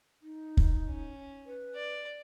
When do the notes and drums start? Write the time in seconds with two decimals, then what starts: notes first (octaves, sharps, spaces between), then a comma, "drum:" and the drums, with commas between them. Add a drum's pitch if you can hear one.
0.22 D#4
0.57 drum: kick
0.87 C#4
1.46 B4
1.76 D5